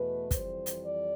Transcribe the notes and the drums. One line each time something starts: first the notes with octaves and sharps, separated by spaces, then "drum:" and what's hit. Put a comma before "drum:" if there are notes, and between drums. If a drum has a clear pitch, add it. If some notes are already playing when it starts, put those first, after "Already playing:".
Already playing: E2 B2 A3 B4
F2 E3 G3 C5, drum: kick, hi-hat
drum: hi-hat
D5